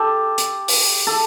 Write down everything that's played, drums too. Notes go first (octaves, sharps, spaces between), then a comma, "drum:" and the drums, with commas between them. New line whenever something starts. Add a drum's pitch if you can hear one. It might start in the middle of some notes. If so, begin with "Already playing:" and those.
Already playing: G4 A4
drum: hi-hat
drum: open hi-hat
A4